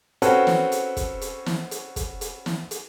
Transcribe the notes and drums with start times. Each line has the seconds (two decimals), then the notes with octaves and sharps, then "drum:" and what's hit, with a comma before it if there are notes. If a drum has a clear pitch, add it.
0.22 C4 C#4 F#4 A4 B4, drum: hi-hat
0.47 drum: snare
0.72 drum: hi-hat
0.97 drum: kick, hi-hat
1.21 drum: hi-hat
1.46 drum: snare
1.71 drum: hi-hat
1.96 drum: kick, hi-hat
2.21 drum: hi-hat
2.46 drum: snare
2.71 drum: hi-hat